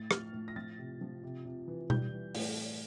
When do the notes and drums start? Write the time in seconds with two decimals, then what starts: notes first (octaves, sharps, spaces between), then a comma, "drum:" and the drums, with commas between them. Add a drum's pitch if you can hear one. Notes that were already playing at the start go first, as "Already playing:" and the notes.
Already playing: A2 A6
0.11 F3 F6, drum: rim click
0.33 A2
0.48 A#6
0.56 F3 A6
0.78 C3
1.01 F3
1.23 C3
1.45 C3
1.68 E3
1.90 G3 G6, drum: tom B2
2.12 E3
2.35 A2, drum: open hi-hat